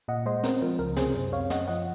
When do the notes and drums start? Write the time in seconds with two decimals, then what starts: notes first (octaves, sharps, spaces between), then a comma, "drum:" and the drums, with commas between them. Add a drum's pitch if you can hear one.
0.08 A#2 D#5 F#5
0.26 G#3 C5 D#5
0.44 C4 A#4, drum: snare
0.62 F3 A#4
0.79 C#2 A#4
0.96 C3 G#4 C5, drum: snare
1.15 F#2
1.33 C4 C#5 F5
1.50 F#2 D#5 F#5, drum: snare
1.68 F3 D#5 F#5